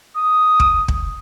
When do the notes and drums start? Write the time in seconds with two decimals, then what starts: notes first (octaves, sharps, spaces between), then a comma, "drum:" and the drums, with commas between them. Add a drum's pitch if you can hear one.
0.16 D#6
0.60 drum: kick
0.88 drum: kick